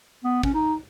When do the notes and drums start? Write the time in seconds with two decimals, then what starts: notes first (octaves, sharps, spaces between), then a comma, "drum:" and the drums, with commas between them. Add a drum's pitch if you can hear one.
0.24 B3
0.43 C#4, drum: kick
0.54 D#4